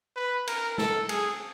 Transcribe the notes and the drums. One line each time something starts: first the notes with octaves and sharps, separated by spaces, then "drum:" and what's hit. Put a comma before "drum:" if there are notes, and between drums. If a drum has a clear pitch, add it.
B4
A#4, drum: cymbal
A4, drum: snare
G#4, drum: cymbal